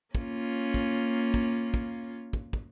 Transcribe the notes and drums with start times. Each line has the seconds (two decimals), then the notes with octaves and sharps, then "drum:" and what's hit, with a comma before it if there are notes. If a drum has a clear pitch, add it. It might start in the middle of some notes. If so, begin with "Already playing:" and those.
0.15 A#3 C#4 F4, drum: kick
0.74 drum: kick
1.34 drum: kick
1.74 drum: kick
2.33 drum: kick
2.53 drum: kick